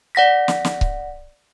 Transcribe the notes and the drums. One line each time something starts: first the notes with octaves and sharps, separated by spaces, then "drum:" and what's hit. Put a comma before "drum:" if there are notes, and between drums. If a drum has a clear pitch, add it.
D5 F#5 A#6 B6
drum: snare
drum: snare
drum: kick C#1